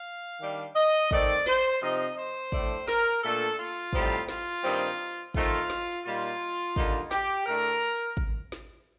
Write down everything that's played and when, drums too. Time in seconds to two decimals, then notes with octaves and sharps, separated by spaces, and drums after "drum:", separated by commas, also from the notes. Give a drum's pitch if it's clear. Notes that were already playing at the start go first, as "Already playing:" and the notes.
Already playing: F5
0.40 D#3 G3 D4
0.76 D#5
1.11 D#3 A3 C4 D#4 D5, drum: kick G#1
1.46 C5, drum: snare
1.81 C3 F3 C4 D#4 D#5
2.17 C5
2.52 A2 A3 D4, drum: kick G#1
2.88 A#4, drum: snare
3.23 A#2 A3 D4 A4
3.58 F4
3.93 A2 G3 C4 D#4, drum: kick G#1
4.28 F4, drum: snare
4.64 G2 D#3 G3 C4 D#4
5.34 D#3 A3 C4 D#4 F4, drum: kick G#1
5.70 drum: snare
6.05 A#2 G3 A#3 D#4 F4
6.76 D3 G3 A#3 D#4, drum: kick G#1
7.11 G4, drum: snare
7.46 A2 A3 D4 A#4
8.17 drum: kick G#1
8.52 drum: snare